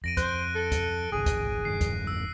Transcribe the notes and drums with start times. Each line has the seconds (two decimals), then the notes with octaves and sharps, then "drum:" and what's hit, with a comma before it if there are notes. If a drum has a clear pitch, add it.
0.04 F2 A#6 D7 D#7
0.17 C5 F#6, drum: kick, hi-hat
0.55 A4
0.72 drum: kick, hi-hat
1.12 D#1 G#1 C#2 G#4
1.26 drum: kick, hi-hat
1.65 E1 G2 D#3 C7
1.81 drum: kick, hi-hat
2.07 E6